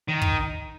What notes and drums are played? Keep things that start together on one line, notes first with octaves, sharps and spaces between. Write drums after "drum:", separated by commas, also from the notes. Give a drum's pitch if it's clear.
D#3
drum: kick